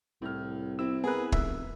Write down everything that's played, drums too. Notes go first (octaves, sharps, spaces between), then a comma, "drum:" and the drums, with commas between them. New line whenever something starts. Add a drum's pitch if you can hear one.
C2 A2 F6
C4 E4 E6
B3 G#4 A#4 B4
F1 E5, drum: kick